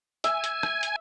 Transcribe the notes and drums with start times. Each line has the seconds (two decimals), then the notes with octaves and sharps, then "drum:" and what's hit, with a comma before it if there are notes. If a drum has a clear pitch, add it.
0.24 E5 G#5, drum: hi-hat
0.44 drum: hi-hat
0.63 drum: rim click
0.83 drum: hi-hat